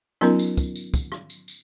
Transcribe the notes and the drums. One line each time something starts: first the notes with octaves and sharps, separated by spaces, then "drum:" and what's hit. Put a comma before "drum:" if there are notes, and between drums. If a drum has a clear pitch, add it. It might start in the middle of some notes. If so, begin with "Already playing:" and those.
F#3 B3 C#4 D#4 F4 A#4, drum: rim click
drum: tambourine
drum: kick, tambourine
drum: tambourine
drum: kick, tambourine
drum: rim click
drum: tambourine
drum: tambourine